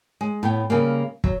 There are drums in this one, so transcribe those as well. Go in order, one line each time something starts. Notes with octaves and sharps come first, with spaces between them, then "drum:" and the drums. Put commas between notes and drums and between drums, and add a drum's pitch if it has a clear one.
G#3
A2 B3 G5
C#3 G3 A#3
F#3, drum: kick